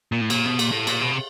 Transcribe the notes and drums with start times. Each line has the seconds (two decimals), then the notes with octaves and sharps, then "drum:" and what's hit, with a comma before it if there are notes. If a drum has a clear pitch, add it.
0.12 A#2
0.21 A2
0.30 A#2, drum: cymbal
0.46 B2
0.59 A#2, drum: cymbal
0.71 A2
0.87 A#2, drum: cymbal
1.01 B2
1.11 C3